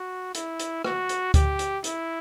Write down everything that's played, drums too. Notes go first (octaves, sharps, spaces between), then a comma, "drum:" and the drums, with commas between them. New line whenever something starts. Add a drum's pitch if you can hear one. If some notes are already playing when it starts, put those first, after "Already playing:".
Already playing: F#4
E4, drum: hi-hat
drum: hi-hat
F#4, drum: rim click
drum: hi-hat
G4, drum: kick D2, hi-hat
drum: hi-hat
E4, drum: hi-hat